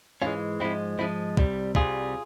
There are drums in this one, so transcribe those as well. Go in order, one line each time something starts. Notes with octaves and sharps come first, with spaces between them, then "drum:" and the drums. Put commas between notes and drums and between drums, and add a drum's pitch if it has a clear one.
G#2 E3 G#3 C#4 F4
G#2 F3 G#3 C4 E4
G#2 F3 G#3 C4 E4
C2 C3 G3, drum: kick
C2 C3 G3 F4 G#4, drum: kick